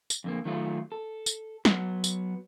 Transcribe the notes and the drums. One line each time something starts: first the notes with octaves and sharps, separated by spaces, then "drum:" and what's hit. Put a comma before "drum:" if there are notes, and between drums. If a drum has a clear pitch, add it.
drum: tambourine
F2 D3 A#3
D#3 F#3 A3 F4
A4
drum: tambourine
F#3 B3, drum: snare
drum: tambourine